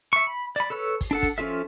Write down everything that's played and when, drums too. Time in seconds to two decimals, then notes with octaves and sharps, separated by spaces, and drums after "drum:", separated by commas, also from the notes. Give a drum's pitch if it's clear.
0.13 E5 C#6
0.27 B5
0.56 D5 B5, drum: hi-hat
0.70 A4 B4 C#5 E6
1.01 drum: kick, open hi-hat
1.11 D4 A4 F#5
1.23 drum: kick, hi-hat
1.38 F3 C#4 F4 A4 E5